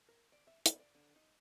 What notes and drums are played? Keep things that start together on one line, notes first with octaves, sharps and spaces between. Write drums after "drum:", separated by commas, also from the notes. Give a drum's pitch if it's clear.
A#4
D5
E5
B3, drum: hi-hat
D5
D3
D#4